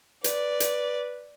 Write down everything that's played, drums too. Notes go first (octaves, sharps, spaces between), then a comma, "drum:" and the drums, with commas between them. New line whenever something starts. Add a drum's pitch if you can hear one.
B4 D5, drum: hi-hat
drum: hi-hat